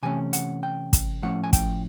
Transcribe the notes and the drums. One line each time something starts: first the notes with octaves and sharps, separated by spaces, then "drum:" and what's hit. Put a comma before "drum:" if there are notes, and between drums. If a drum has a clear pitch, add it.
C3 E3 A3 C#4 G#5
F#5, drum: hi-hat
G5
drum: kick, hi-hat
A2 F3 A3 C#4 F#5
G#5
G5, drum: kick, hi-hat